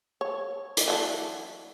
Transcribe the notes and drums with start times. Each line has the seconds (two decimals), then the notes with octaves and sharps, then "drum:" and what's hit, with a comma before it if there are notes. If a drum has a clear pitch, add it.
0.21 C#5
0.77 drum: hi-hat
0.88 E3 F#3 D4